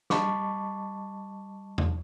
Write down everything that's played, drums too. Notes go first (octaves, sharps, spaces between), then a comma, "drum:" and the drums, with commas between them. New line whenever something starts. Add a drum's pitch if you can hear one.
G3 D#5 A5 B5 C#6 D6, drum: snare
drum: tom E2